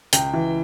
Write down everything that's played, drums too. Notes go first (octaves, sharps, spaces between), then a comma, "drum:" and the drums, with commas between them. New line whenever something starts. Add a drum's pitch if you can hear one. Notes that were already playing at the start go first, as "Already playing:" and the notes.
C#2 G5, drum: hi-hat
E3